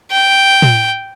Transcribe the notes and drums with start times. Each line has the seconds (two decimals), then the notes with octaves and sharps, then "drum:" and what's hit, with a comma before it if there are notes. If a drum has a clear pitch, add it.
0.12 G5
0.62 drum: tom